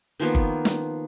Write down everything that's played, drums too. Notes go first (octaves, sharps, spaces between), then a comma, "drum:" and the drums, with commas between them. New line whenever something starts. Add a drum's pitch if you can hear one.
D#3 F3 A#3 B3
drum: kick G1
drum: snare